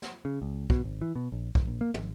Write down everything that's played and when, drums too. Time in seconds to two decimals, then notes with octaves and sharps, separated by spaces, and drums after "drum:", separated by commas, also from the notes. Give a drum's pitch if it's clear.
0.02 drum: snare
0.25 C#3
0.42 C#2
0.70 B2, drum: kick
0.84 G#1
1.01 E3
1.16 B2
1.32 A#1
1.55 D#1, drum: kick
1.67 A#1
1.81 A#3
1.94 G#1, drum: tom